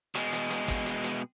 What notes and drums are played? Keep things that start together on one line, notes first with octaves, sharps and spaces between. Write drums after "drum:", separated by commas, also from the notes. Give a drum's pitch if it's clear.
B2 G#3, drum: hi-hat
drum: hi-hat
drum: hi-hat
drum: kick, hi-hat
drum: hi-hat
drum: hi-hat